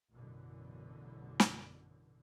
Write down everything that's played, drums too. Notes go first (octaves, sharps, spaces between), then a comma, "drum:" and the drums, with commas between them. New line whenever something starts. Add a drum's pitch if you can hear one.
A1 F#2 B2 D3 E3
drum: snare